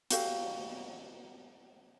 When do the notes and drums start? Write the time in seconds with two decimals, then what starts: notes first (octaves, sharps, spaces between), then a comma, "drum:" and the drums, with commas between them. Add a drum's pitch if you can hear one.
0.11 F#4 G4 A4 F5, drum: hi-hat